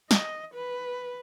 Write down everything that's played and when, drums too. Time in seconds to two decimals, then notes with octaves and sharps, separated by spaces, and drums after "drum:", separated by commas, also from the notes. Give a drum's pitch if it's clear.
0.11 D#5, drum: snare
0.54 B4